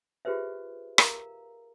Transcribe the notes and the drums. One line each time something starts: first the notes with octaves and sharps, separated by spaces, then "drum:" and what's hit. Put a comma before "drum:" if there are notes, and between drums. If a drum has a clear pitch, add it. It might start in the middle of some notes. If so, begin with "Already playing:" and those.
F4 G4 G#4 B4 C5 E5
A#4 F5 A#5, drum: rim click